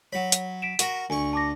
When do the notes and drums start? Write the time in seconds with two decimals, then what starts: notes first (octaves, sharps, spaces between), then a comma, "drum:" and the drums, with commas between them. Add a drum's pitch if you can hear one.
0.13 F#3 C#5 B5
0.32 drum: hi-hat
0.62 B6 D7 E7
0.79 F#4 A#4 F#5, drum: hi-hat
1.10 D2 G#5 C#6
1.33 A5 D6 A#6